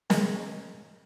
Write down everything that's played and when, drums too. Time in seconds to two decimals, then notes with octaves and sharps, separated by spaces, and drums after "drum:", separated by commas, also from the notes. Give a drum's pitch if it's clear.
0.10 D#3 G#3, drum: snare